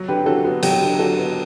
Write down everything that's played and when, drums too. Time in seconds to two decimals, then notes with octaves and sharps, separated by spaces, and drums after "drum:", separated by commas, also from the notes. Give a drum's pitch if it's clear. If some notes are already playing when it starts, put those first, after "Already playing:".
Already playing: F#3
0.08 D3 G4 B4
0.26 D3 F#4 A4
0.45 B3 F#4
0.63 F#3 G4, drum: cymbal
0.82 D3
0.99 D3 F#4 A4
1.18 B3